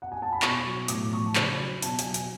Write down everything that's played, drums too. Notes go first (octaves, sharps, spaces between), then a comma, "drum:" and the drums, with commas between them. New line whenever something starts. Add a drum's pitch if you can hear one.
F#5
G#5
A5
B5
B2 C#6, drum: clap
F#3
A2 D6, drum: hi-hat
F3 C#6
A5
C#3 B5, drum: clap
F#3
B2 A5, drum: hi-hat
G#5, drum: hi-hat
F#3
G#5, drum: hi-hat